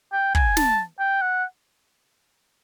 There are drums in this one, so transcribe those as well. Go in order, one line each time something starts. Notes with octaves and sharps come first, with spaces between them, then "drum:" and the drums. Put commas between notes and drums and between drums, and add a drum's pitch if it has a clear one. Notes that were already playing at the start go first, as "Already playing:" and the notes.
G5
G#5, drum: kick
A5, drum: snare
G5
F#5